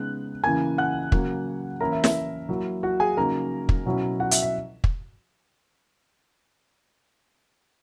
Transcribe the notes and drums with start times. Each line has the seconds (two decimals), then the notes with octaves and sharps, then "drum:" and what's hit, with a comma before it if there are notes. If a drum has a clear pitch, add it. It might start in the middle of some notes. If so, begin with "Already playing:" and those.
Already playing: C#3 G#3 B3 D#4 F#6
0.44 C#3 E3 A#3 G#5 G#6
0.78 F#5 F#6
1.12 C#3 F#3 A#3, drum: kick
1.80 E3 A#3 C#4 E4 A#4 A#5
1.92 E5
2.04 E5, drum: snare
2.49 F#3 A#3 E4
2.83 F#4 F#5
3.00 G#4 G#5
3.17 C#3 F#3 A#3 D#4 A#4 A#5
3.69 drum: kick
3.86 B2 F#3 C#4 E4
4.20 F#4 F#5
4.31 E5, drum: hi-hat
4.42 E5
4.84 drum: kick